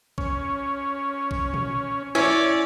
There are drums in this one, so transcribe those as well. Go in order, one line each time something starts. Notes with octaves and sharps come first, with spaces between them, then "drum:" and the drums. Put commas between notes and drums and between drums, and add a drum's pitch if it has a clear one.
C#4, drum: kick
drum: kick
drum: tom A#2
C#4 E4 C#5 D5